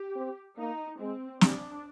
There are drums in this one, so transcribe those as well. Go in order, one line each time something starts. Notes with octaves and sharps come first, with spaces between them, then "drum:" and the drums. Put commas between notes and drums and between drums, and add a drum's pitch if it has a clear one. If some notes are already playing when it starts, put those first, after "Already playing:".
Already playing: G4
C4
A#3 D#4
G#3 C4
G3 D4, drum: snare